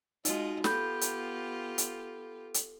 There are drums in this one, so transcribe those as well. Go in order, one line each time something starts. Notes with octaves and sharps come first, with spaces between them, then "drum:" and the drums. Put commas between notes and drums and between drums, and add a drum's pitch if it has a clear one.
G#3 D#4 F4 F#4 D#5, drum: hi-hat
B3 F4 G4 A4 B5 G6, drum: snare
drum: hi-hat
drum: hi-hat
drum: hi-hat